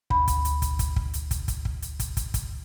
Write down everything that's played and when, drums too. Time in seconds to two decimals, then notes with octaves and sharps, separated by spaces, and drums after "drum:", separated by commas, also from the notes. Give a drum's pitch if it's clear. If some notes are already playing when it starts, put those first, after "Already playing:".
0.10 D2 B5, drum: kick
0.28 drum: kick, hi-hat
0.45 drum: hi-hat
0.62 drum: kick, hi-hat
0.79 drum: kick, hi-hat
0.96 drum: kick
1.14 drum: hi-hat
1.31 drum: kick, hi-hat
1.48 drum: kick, hi-hat
1.65 drum: kick
1.82 drum: hi-hat
2.00 drum: kick, hi-hat
2.17 drum: kick, hi-hat
2.34 drum: kick, hi-hat